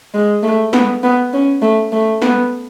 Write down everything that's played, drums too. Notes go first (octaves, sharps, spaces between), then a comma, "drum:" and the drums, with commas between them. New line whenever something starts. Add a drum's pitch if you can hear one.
G#3
A3
B3, drum: snare
B3
C#4
A3
A3
B3, drum: snare